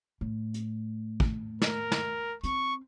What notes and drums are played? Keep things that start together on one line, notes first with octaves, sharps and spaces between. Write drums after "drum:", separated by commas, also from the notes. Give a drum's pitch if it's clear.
A2
drum: hi-hat
drum: kick
A#4, drum: snare
drum: snare
C4 C#6, drum: hi-hat